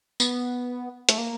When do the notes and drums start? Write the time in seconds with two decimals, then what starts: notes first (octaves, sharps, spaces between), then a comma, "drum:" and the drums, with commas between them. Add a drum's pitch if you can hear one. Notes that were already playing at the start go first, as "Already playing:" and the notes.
0.20 B3, drum: tambourine
1.09 A3, drum: hi-hat
1.18 A#3